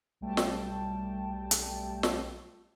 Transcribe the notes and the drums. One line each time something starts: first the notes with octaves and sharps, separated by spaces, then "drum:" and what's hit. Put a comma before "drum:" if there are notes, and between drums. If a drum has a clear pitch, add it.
B1 G3 A3 G5 A5
drum: snare
drum: hi-hat
drum: snare